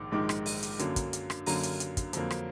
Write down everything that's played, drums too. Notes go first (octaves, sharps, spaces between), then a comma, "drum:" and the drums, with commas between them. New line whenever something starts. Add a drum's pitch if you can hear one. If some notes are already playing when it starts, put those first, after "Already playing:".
Already playing: A#1 G#2 D#3 G#3 D6
A#1 G#2 D#3 G#3 D6
drum: rim click
drum: open hi-hat
drum: hi-hat
F#2 D3 F#3 A#3, drum: hi-hat
drum: kick, hi-hat
drum: hi-hat
drum: rim click
F#2 D3 F#3 A#3 A#5, drum: open hi-hat
drum: hi-hat
drum: hi-hat
drum: kick, hi-hat
F2 D3 F#3 A#3, drum: hi-hat
drum: rim click